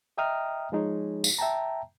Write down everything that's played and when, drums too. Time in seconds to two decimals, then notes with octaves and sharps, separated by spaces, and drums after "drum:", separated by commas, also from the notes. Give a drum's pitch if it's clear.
0.18 D#5 E5 G5 A#5 D#6 F6
0.72 F3 G#3 D#4 G#4 C#5
1.24 drum: tambourine
1.38 E5 G5 A5 A#5